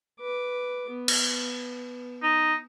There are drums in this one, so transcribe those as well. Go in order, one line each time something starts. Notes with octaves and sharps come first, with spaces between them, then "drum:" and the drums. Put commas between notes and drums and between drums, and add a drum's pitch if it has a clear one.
B4 D6
B3
drum: cymbal
D#4